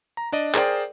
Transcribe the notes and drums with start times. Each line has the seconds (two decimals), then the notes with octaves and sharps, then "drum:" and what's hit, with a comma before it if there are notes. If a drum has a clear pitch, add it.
0.17 A#5
0.32 D4 D5 D#5
0.54 G#4 A#4 C5 D5 G5, drum: clap